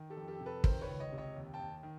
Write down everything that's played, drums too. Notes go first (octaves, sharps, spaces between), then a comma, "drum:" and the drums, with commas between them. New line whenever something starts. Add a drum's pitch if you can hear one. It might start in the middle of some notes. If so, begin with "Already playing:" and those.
Already playing: D#3
G4 A4
F2
G4 A4
C3
A4 B4
D#3 A#4 C5, drum: kick
B4 C#5
C#2
C#5 D#5
C3
C#5 D#5
D#2
G5 A5
D#2
D#3